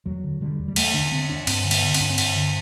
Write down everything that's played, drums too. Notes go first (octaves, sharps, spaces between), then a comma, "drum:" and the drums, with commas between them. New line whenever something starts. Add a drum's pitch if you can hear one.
E2 F#3
D3
D3 G3
E2
G3
E2 A3, drum: cymbal
D3 D4
D4
D3 C4
E2 D4
G2 C4, drum: cymbal
D3
B3, drum: cymbal
D3
C4, drum: cymbal
G2 D4
C4
G2, drum: cymbal
D3